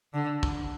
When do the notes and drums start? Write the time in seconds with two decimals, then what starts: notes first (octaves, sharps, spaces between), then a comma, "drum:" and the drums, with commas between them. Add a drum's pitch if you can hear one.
0.14 D3
0.43 drum: kick